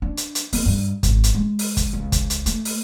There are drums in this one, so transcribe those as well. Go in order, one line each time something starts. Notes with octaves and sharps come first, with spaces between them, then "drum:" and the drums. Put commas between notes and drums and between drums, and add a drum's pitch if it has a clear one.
D4
drum: hi-hat
drum: hi-hat
B3, drum: open hi-hat
G2
G#1, drum: kick, hi-hat
drum: hi-hat
G#3
drum: open hi-hat
drum: kick, hi-hat
C#2
drum: kick, hi-hat
drum: hi-hat
A3, drum: hi-hat
drum: open hi-hat